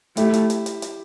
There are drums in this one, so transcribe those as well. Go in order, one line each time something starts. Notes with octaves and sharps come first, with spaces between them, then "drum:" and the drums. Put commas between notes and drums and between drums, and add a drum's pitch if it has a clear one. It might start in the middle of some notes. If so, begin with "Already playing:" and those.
A3 E4 G4, drum: hi-hat
drum: hi-hat
drum: hi-hat
drum: hi-hat
drum: hi-hat